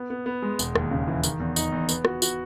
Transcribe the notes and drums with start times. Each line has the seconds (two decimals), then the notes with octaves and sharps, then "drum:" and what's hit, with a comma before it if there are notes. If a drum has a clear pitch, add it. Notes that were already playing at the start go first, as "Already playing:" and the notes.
Already playing: B3
0.10 B3
0.26 B3
0.42 G#3
0.59 E1, drum: tambourine
0.75 D#2, drum: rim click
0.91 C#3
1.07 E3
1.23 D#3, drum: tambourine
1.40 E2
1.56 D#4, drum: tambourine
1.72 E2
1.89 B3, drum: tambourine
2.05 F#4, drum: rim click
2.22 F#4, drum: tambourine